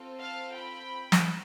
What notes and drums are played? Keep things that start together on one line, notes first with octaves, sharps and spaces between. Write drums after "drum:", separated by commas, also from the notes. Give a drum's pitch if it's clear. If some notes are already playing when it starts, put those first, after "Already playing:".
Already playing: C4 F4 A4
F5 A5
G5 B5
drum: snare